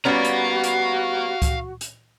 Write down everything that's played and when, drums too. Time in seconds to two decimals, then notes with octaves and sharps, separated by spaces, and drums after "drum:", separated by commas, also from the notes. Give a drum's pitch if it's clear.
0.05 G3 B3 C#4 F#4 F5 A#5
0.24 drum: hi-hat
0.64 drum: hi-hat
1.42 drum: kick C#2, hi-hat
1.81 drum: hi-hat